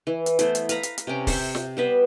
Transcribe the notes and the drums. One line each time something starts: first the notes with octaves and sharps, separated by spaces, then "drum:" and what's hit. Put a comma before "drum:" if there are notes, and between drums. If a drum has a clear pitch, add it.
E3
drum: hi-hat
A3 B3 E4 C5, drum: hi-hat
drum: hi-hat
B4 F5 A#5 B5, drum: hi-hat
drum: hi-hat
drum: hi-hat
C3 C4 C#4 G5
C4 C5 E5, drum: kick, open hi-hat
drum: snare
G3 B3 B4 C5